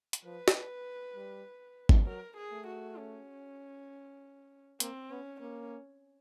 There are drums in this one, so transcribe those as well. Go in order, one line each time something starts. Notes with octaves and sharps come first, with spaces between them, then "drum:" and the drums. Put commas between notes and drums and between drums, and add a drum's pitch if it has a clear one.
drum: hi-hat
F3 B4
drum: snare
G3
drum: kick G#1
F#3 A#4
G#4
A3
F#4
C#4
A#3 C4, drum: hi-hat
B3 C#4
A#3 C#4